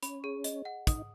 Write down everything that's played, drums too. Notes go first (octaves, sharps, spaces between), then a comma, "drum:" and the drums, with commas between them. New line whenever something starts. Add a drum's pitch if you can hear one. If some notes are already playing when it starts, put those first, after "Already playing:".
C#4 B5, drum: hi-hat
G#4
D#5, drum: hi-hat
F#5
D#4 D#6, drum: kick, hi-hat